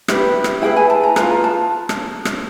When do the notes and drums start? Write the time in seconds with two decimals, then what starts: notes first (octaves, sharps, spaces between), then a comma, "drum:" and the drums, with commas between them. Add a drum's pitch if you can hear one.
0.08 E4 G4 B4, drum: rim click
0.44 drum: rim click
0.62 E4 G#4 B4 G5
0.77 G#5
0.90 A5
1.03 A#5
1.16 F4 G#4 B4 A#5, drum: rim click
1.44 A5
1.89 drum: rim click
2.25 drum: rim click